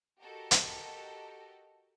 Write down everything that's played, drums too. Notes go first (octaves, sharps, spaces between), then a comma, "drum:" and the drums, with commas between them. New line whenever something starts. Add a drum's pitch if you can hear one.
F#4 G4 A4 A#4 D#5
drum: hi-hat